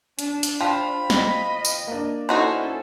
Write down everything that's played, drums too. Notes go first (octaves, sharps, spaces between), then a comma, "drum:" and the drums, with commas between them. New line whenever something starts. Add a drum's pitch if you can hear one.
D4, drum: hi-hat
drum: hi-hat
F3 F5 G5 B5
D#5, drum: snare
drum: tambourine
A#3 D4
C#4 D#4 E4 F#4 A4 C5